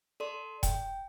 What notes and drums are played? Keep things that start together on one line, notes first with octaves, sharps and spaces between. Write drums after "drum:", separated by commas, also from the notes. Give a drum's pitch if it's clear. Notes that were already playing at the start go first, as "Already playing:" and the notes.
A4 D5 C6
G5, drum: kick E1, hi-hat